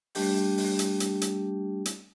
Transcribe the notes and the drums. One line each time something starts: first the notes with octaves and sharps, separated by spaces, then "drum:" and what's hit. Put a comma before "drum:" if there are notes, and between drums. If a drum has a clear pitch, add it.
G3 A3 D4 G4 G5, drum: open hi-hat
drum: open hi-hat
drum: hi-hat
drum: hi-hat
drum: hi-hat
drum: hi-hat